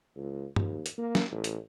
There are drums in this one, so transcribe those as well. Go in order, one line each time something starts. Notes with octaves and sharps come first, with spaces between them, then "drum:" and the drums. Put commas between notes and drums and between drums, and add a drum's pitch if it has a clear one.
C#2
D#2, drum: tom G2
drum: hi-hat
A#3
drum: snare
A1
drum: hi-hat